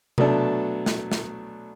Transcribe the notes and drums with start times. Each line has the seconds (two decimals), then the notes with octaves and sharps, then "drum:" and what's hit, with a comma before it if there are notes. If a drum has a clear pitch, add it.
0.18 B2 F#3 A3 D4 A4, drum: tom C3
0.86 drum: snare
1.12 drum: snare